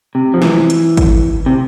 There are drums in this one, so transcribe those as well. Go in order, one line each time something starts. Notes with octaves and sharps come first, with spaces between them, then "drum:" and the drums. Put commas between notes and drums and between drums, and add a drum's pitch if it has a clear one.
C3
F3
E3, drum: snare
drum: hi-hat
drum: kick G#1, hi-hat
C3